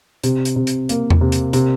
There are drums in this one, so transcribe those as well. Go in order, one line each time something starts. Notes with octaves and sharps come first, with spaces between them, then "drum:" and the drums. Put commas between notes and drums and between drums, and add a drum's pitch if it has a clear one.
C3, drum: hi-hat
drum: hi-hat
C3
drum: hi-hat
A#3, drum: hi-hat
drum: tom E2
C3
drum: hi-hat
C3, drum: hi-hat